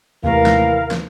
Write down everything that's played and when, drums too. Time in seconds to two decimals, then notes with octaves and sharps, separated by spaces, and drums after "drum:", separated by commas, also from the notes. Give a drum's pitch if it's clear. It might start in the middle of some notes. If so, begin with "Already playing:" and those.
0.24 D#2 C3 E3 A3 A#4 F5
0.46 drum: snare
0.91 drum: snare